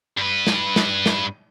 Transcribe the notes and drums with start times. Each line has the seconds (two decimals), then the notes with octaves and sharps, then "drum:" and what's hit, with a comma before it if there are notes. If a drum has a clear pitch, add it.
0.17 G2 B4
0.47 drum: snare
0.76 drum: snare
1.06 drum: snare